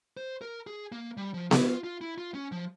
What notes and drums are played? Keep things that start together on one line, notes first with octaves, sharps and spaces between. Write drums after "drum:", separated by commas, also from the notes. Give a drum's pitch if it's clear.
C5
A#4
G#4
A#3
G3
F3
E4, drum: snare B3
F4
F4
E4
F4
C#4
F3